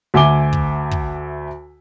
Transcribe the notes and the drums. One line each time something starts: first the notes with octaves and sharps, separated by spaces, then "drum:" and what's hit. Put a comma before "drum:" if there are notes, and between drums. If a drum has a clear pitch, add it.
D2 E5 G#5 D6 G7
drum: kick
drum: kick